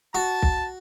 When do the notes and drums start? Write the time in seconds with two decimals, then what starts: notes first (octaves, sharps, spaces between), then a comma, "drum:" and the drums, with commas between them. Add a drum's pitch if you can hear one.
0.15 F#4 A5
0.42 drum: kick